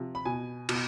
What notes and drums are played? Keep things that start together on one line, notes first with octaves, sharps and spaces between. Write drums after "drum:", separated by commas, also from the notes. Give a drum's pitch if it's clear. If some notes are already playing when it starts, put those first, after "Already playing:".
Already playing: C3 F3
B5
B2 G#5
B2, drum: cymbal